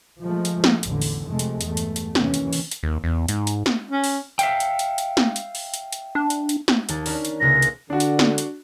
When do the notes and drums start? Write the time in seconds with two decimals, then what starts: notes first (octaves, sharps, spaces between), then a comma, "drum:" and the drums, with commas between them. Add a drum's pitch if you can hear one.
0.21 F3 G#3 A3
0.45 drum: hi-hat
0.64 drum: snare
0.83 A1 E2 D3, drum: hi-hat
1.02 drum: open hi-hat
1.26 F2 C3 G#3 A3
1.39 drum: hi-hat
1.61 E2 G2 A3, drum: hi-hat
1.77 drum: hi-hat
1.96 drum: hi-hat
2.15 D#2 C3 E3 C#4, drum: snare
2.34 drum: hi-hat
2.53 drum: open hi-hat
2.71 drum: hi-hat
2.83 D#2
3.04 E2
3.28 G#2, drum: hi-hat
3.47 drum: hi-hat
3.66 drum: snare
3.91 C#4
4.04 drum: open hi-hat
4.39 E5 F5 G5, drum: hi-hat
4.60 drum: hi-hat
4.79 drum: hi-hat
4.98 drum: hi-hat
5.17 drum: snare
5.36 drum: hi-hat
5.55 drum: open hi-hat
5.74 drum: hi-hat
5.92 drum: hi-hat
6.15 D4
6.30 drum: hi-hat
6.49 drum: hi-hat
6.68 drum: snare
6.89 D#2 A5, drum: hi-hat
7.06 C#4 D4 A#4, drum: open hi-hat
7.25 drum: hi-hat
7.40 C#2 C3 A#3 A#6
7.62 drum: hi-hat
7.90 D3 D4 F#4
8.00 drum: hi-hat
8.19 drum: snare
8.38 drum: hi-hat